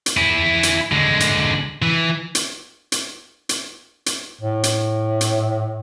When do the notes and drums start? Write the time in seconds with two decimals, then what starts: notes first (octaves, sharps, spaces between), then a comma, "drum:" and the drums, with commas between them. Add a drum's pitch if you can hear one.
0.06 drum: hi-hat
0.17 E4 G#4
0.63 drum: hi-hat
0.92 D3 G#3
1.20 drum: hi-hat
1.82 E3
2.35 drum: hi-hat
2.92 drum: hi-hat
3.49 drum: hi-hat
4.06 drum: hi-hat
4.41 A2
4.63 drum: hi-hat
5.21 drum: hi-hat